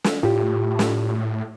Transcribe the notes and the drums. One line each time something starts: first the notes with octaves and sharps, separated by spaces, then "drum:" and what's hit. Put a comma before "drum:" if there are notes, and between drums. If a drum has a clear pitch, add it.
drum: snare
A2 F4 G4
drum: snare